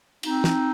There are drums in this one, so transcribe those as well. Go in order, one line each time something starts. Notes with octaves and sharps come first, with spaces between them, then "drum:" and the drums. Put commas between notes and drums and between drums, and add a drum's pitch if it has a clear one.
C4 D#4, drum: cymbal
drum: snare